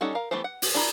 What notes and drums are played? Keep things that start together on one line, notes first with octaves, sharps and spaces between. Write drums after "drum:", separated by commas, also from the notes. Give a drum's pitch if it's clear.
G3 C#4 D#4 A4 F#5
A#4 F5
E3 A3 B3 G4 C5
F#5
drum: open hi-hat
D4 E4 A#4